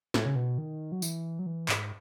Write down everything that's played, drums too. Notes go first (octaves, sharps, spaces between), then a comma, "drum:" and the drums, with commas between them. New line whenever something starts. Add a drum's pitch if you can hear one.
A2, drum: snare
C#3
B2
D#3
F#3
E3, drum: tambourine
F#3
E3
G#2, drum: clap